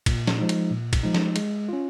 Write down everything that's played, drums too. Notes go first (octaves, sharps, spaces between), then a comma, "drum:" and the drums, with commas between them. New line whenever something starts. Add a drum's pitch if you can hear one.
A#2, drum: kick, cymbal
drum: snare
F3 G#3 D#4
drum: cymbal
A#2
drum: kick, cymbal
F3 G#3 D#4
drum: snare
G#3, drum: cymbal
C#4 F4